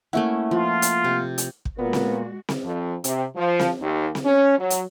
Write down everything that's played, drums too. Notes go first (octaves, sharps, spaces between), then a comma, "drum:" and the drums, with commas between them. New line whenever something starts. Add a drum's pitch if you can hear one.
A3 A#3 C#4 E4 E5 F#5
F3 F4
drum: hi-hat
C3
drum: hi-hat
drum: kick
A#2 G#3 B3 F#4
drum: snare C4
drum: snare C4
F2
C3, drum: hi-hat
F3
drum: snare C4
D#2
drum: snare C4
C#4
F#3
drum: hi-hat